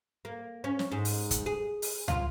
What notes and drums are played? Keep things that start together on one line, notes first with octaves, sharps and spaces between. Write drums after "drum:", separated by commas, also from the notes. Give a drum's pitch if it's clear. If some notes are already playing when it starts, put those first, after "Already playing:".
A#3
C#4
drum: snare
G#2
drum: open hi-hat
drum: kick, hi-hat
G#4
drum: open hi-hat
F4, drum: tom